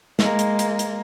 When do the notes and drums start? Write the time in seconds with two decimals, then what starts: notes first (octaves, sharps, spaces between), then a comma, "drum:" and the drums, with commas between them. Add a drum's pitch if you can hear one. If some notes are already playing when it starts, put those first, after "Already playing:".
0.19 G#3 A#3, drum: snare
0.39 drum: hi-hat
0.59 drum: hi-hat
0.79 drum: hi-hat